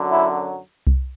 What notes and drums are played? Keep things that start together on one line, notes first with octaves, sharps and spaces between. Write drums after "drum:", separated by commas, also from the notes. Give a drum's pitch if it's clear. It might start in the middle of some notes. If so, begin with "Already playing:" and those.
Already playing: F#2 D3 F#3
E4
drum: kick C2